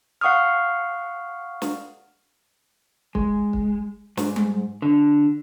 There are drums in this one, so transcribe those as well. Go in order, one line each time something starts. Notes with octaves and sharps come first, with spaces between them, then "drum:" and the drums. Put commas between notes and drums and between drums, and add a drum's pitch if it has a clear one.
F5 F#5 C#6 D#6 F6
drum: snare
G#3, drum: kick
drum: kick
G#2, drum: snare
drum: tom G3
D3